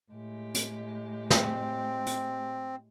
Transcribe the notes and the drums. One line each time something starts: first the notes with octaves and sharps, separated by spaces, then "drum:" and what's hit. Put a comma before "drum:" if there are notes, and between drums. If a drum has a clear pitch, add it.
A2 G#3 G4
drum: hi-hat
C4, drum: snare
drum: hi-hat